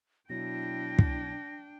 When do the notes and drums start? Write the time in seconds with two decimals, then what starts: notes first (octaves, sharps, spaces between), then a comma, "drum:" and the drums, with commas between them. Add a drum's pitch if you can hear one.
0.30 B2 F#3 D4 E4 G5 A#6
0.99 drum: kick